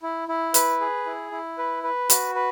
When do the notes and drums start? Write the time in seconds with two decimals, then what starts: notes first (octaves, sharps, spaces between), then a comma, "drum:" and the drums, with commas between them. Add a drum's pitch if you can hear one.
0.03 E4
0.28 E4
0.54 B4, drum: hi-hat
0.81 G#4
1.06 E4
1.31 E4
1.58 B4
1.83 B4
2.10 F#4, drum: hi-hat
2.35 B4